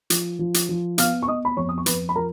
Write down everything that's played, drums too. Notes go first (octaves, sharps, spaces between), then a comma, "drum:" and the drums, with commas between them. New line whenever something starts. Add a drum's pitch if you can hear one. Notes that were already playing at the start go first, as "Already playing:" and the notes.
F3, drum: hi-hat
F3
drum: hi-hat
F3
B3 F5 F6, drum: hi-hat
C#6
B3 D#5 D#6
B5
F2 C#5 C#6
D#6
C#6
F2 B4 B5, drum: hi-hat
B5
F3 A#4 A#5